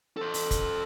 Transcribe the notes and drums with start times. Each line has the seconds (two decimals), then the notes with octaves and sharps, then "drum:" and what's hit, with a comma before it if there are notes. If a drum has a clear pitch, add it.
0.17 A4 C5
0.34 drum: open hi-hat
0.51 drum: kick, hi-hat